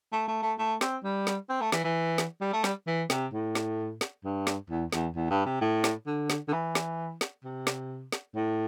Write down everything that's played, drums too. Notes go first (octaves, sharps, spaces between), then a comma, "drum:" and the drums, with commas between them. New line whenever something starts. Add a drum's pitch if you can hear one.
A3
A3
A3
A3
C4, drum: snare
G3
drum: snare
C4
A3
E3, drum: snare
E3
drum: snare
G3
A3
G3, drum: snare
E3
C3, drum: snare
A2
drum: snare
drum: snare
G2
drum: snare
E2
E2, drum: snare
E2
G2
C3
A2
drum: snare
D3
drum: snare
D3
E3
drum: snare
drum: snare
C3
drum: snare
drum: snare
A2